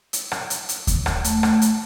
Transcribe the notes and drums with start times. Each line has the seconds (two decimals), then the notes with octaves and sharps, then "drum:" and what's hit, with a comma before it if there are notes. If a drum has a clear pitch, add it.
0.13 drum: hi-hat
0.32 drum: rim click
0.50 drum: hi-hat
0.69 drum: hi-hat
0.87 drum: kick D#2, hi-hat
1.06 drum: rim click
1.24 A3, drum: hi-hat
1.43 drum: rim click
1.62 drum: hi-hat